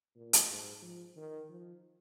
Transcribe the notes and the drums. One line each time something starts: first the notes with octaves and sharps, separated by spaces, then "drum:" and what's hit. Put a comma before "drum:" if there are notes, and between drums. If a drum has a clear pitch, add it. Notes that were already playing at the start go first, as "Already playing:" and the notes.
A#2
drum: hi-hat
G#2
F3
D#3
F3